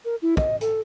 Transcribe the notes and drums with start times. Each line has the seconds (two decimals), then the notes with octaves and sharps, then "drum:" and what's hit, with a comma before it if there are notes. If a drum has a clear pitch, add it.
0.05 A#4
0.22 E4
0.37 D#5, drum: kick
0.61 A4, drum: hi-hat